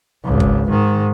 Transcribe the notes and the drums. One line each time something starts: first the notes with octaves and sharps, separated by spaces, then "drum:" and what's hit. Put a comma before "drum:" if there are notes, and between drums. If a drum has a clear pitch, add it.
G#1 C#2
drum: kick
G#2 D#3